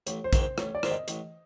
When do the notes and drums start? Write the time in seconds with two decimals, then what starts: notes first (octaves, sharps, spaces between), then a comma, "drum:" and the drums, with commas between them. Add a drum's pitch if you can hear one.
0.07 A1 C#5, drum: hi-hat
0.24 C5
0.33 G#2 D#3 G#3 C4, drum: kick, hi-hat
0.41 C5
0.58 A1 C#5, drum: rim click
0.75 D5
0.83 G#2 D#3 G#3 C4, drum: rim click
0.91 D#5
1.08 A1, drum: hi-hat